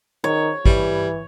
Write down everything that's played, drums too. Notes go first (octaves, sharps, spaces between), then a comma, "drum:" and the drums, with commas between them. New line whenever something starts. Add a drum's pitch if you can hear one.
D#3 C#5
E3 G3, drum: kick